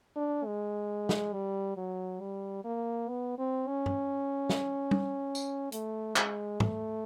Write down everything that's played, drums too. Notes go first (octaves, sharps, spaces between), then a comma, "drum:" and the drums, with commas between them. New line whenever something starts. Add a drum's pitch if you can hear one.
D4
G#3
drum: snare
G3
F#3
G3
A#3
B3
C4
C#4
drum: tom G2
drum: snare
drum: tom
drum: tambourine
A3, drum: hi-hat
G#3, drum: clap
A3, drum: tom